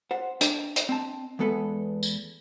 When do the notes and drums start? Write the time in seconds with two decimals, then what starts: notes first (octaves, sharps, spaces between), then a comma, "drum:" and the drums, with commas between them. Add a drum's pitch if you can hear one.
0.11 C5 F#5
0.41 D4 G5, drum: hi-hat
0.76 drum: hi-hat
0.89 C4 A5
1.39 E2 G#3 B3 A4 B4
2.03 drum: tambourine